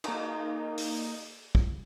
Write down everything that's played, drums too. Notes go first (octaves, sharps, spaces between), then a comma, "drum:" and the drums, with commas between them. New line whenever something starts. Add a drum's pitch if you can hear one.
A#3 D#4, drum: cymbal
drum: open hi-hat
drum: kick